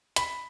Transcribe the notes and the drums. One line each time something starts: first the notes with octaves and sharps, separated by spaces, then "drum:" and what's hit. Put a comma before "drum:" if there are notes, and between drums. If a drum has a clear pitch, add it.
B5, drum: hi-hat